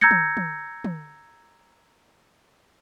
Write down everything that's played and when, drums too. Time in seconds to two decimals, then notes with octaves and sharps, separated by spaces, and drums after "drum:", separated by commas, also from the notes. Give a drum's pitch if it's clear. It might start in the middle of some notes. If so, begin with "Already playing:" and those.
0.01 A#5 E6 G6 G#6 A#6 C#7
0.11 drum: tom
0.37 drum: tom
0.84 drum: tom